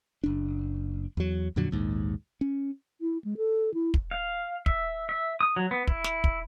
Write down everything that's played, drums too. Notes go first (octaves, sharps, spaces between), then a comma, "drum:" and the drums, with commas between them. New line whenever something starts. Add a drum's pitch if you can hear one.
F#1 D4
E2 F#3
F2 A#2 D3 F#3
A#1 D#2 G#2
C#4
E4
G#3
A4
E4
drum: kick
F5
E5, drum: kick
E5
D#6
F#3
B3
E4, drum: kick
drum: snare
drum: kick